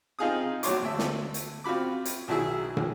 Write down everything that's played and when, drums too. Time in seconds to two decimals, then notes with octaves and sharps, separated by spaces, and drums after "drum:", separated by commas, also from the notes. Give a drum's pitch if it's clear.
0.19 C4 D#4 F4 G#4 F5 D#6
0.63 A#1 F#3 C#5 C6 D6, drum: hi-hat
0.82 D2 E5
0.99 drum: snare
1.34 drum: hi-hat
1.64 C4 F4 F#4 B5 D6
2.05 drum: hi-hat
2.28 B1 D#3 F#3 E4 G#4 E6
2.77 drum: tom